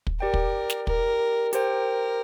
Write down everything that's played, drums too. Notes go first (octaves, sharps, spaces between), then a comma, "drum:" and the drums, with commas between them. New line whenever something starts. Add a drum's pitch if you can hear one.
drum: kick
G4 A#4 D5 G5
drum: kick
drum: snare
A#4, drum: kick
G4 A#4 C5 G5, drum: hi-hat